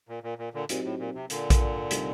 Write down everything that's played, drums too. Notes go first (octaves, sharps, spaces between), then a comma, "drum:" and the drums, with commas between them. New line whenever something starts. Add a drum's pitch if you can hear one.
A#2
A#2
A#2
A#2 D3
A#2 F#3 C4 D#4 G4, drum: hi-hat
A2
A#2
C3
A#2 D3, drum: hi-hat
drum: kick A#1, hi-hat
C3 G3 C4 D#4, drum: hi-hat